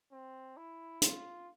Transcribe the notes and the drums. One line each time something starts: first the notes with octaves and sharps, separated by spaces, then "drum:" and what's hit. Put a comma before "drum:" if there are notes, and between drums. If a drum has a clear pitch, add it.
C4
E4
F4, drum: hi-hat